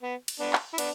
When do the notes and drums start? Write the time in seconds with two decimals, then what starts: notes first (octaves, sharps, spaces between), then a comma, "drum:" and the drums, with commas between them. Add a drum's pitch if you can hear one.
0.03 B3
0.28 drum: cymbal
0.40 B3 D4
0.53 drum: clap
0.74 E4
0.78 B3 D4, drum: cymbal